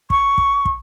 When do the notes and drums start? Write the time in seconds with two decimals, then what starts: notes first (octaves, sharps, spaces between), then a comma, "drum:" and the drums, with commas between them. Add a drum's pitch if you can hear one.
0.10 C#6, drum: kick
0.38 drum: kick
0.65 drum: kick